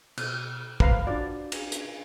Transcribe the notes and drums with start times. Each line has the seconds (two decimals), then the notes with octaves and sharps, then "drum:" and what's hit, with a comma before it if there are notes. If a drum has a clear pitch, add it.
0.18 B2, drum: cymbal
0.80 B4 C5 F5 A#5, drum: kick
1.07 D4 F4 F#4 D5
1.52 drum: cymbal
1.72 drum: hi-hat